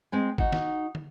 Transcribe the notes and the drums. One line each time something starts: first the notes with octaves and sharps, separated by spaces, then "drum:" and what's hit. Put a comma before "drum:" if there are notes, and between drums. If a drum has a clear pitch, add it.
G#3 C4 G#5
D#4 F#4, drum: kick
drum: snare
drum: tom